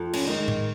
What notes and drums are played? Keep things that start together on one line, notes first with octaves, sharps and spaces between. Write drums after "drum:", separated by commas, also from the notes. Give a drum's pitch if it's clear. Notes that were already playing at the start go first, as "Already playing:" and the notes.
Already playing: F2
C#4, drum: cymbal
D#3 G#3 D#4
drum: tom A2